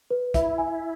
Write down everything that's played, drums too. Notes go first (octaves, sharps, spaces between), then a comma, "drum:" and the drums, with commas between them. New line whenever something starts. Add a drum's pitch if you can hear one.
B4
E4 E5, drum: kick, hi-hat
G#5